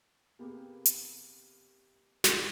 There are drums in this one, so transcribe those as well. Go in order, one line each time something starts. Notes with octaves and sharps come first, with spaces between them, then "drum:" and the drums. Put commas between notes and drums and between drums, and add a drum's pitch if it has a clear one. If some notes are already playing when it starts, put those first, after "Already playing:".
C3 A#3 B3 G4 G#4
drum: hi-hat
drum: snare